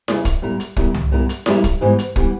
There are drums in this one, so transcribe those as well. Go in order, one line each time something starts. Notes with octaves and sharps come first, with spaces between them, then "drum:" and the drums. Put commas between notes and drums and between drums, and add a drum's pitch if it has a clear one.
E2 C#3 G3 A#3, drum: snare E4
drum: kick, hi-hat
A#2 G3 B3 E4 A#4
drum: hi-hat
A#2 G3 B3 E4 A#4, drum: kick
drum: tom
A#2 G3 B3 E4 A#4
drum: hi-hat
A#2 G3 B3 E4 A#4, drum: snare E4
drum: kick, hi-hat
G#2 E3 G3 B3
drum: hi-hat
E3 G3 B3, drum: kick